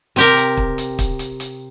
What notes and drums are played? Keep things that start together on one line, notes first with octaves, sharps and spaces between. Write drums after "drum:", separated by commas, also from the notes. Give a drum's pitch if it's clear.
C3 G4 A#4, drum: hi-hat
drum: hi-hat
drum: kick
drum: hi-hat
drum: kick, hi-hat
drum: hi-hat
drum: hi-hat